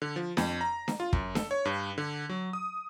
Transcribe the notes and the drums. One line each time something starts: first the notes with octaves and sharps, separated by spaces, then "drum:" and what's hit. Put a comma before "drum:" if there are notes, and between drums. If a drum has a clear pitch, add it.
D3
F3
F2, drum: snare D4
A#5
drum: snare D4
F4
F#2, drum: kick
A4, drum: snare D4
C#5
G2
D3
F#3
D#6